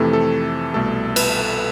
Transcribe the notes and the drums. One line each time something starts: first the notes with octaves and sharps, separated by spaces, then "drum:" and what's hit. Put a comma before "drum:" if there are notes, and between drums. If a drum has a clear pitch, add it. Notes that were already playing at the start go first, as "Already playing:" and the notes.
Already playing: F2 C3 E3 A3 A4
A4
C2 B2 A3 A4
B4, drum: cymbal